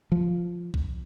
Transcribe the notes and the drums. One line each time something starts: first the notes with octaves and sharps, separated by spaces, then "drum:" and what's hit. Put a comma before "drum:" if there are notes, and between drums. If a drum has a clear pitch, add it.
F3
drum: kick B1